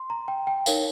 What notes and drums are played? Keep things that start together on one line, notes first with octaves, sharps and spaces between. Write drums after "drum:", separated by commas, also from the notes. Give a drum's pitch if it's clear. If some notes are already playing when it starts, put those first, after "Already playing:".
Already playing: C6
A#5
G5
G5
D#4 A#4 C#5 F5, drum: tambourine